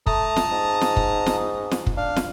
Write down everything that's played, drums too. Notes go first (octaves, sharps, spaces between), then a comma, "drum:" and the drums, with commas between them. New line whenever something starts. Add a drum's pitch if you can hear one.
A3 A5 A#5 D#6, drum: kick
drum: snare
G#2
drum: snare
drum: kick
drum: snare
drum: snare
drum: kick
D4 F5
drum: snare